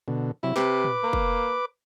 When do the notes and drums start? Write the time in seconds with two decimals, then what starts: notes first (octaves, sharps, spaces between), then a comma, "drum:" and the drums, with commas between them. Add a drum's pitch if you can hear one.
0.08 B2 D3
0.43 C3 F#3 E4
0.56 C3 B4 D6, drum: snare
0.84 drum: tom
1.03 A#3
1.13 drum: kick